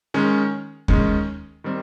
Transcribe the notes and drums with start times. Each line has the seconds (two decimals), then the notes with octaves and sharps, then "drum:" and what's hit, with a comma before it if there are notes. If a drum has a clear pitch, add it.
0.14 D#3 G#3 C#4
0.88 D#3 G#3 C#4, drum: kick D#2
1.64 D#3 G3 C4